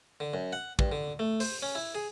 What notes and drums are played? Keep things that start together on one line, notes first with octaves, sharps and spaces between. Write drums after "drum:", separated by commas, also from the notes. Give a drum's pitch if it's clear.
D3
F#2
F#5
G2, drum: kick
D3
A3
C5, drum: open hi-hat
C#4
E4
G#4